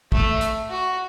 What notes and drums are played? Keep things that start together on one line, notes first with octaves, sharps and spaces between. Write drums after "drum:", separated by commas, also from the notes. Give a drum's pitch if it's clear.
A3, drum: kick
drum: hi-hat
F#4